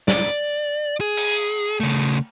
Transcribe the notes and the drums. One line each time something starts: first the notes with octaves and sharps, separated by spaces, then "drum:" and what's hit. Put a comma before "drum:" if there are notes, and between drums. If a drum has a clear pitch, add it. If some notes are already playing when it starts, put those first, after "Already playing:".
D5, drum: snare
G#4
drum: cymbal
C#3 A3